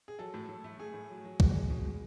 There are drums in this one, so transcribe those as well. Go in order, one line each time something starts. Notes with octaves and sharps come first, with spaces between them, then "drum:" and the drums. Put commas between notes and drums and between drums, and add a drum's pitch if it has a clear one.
G#4
F#3 A4
A2
A2
A3
A3 G#4
A2
F#3
F#3
G#3, drum: kick
G#3
B2
G#3